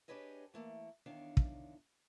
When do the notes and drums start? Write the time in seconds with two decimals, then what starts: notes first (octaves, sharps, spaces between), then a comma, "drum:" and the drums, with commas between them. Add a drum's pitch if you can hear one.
0.08 D4 G4 G#4 B4 C#5 D#5
0.54 E3 A3 A#3
1.06 E2 D#3 D4 C#5 F5
1.37 drum: kick